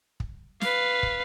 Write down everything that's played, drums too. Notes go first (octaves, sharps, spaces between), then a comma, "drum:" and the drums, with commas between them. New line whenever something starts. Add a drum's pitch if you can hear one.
drum: kick
B4 F5, drum: snare
drum: kick